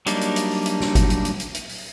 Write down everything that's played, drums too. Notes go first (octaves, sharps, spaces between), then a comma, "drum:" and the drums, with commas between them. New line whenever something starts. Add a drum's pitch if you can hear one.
F#3 G3 A#3 D4 D#4, drum: hi-hat
drum: hi-hat
drum: hi-hat
drum: open hi-hat
drum: hi-hat
drum: snare
drum: kick G1, hi-hat
drum: hi-hat
drum: hi-hat
drum: hi-hat
drum: hi-hat
drum: open hi-hat